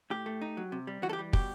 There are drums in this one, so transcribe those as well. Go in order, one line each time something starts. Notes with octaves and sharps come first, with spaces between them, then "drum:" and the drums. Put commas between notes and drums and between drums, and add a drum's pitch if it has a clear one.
A2 G4
A3
D#4
F#3
C3
G3
E3 F#4
A4
G4
G3
B2 G4, drum: kick